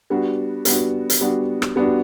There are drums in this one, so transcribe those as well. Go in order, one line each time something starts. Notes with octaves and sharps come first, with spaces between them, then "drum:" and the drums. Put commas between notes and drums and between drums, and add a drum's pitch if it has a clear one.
G3 B3 D4 F#4
G3 B3 D4 F#4, drum: hi-hat
drum: hi-hat
G3 B3 D4 F#4
drum: rim click
G3 B3 D4 F#4